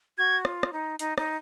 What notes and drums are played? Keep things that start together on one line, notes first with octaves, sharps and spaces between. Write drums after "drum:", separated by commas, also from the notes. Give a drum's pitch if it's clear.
F#4 G#6
F4, drum: rim click
drum: rim click
D#4
D#4, drum: hi-hat
D#4, drum: rim click